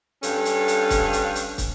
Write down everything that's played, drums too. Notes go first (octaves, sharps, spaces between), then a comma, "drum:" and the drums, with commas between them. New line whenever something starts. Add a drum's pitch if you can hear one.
G2 C#4 A4 F5, drum: hi-hat
drum: hi-hat
drum: hi-hat
drum: kick, hi-hat
drum: hi-hat
drum: hi-hat
drum: kick, hi-hat